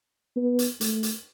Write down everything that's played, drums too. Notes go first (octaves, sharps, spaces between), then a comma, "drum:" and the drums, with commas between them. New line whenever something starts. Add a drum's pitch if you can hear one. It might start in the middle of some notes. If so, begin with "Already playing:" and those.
B3
drum: hi-hat
A3, drum: hi-hat
drum: hi-hat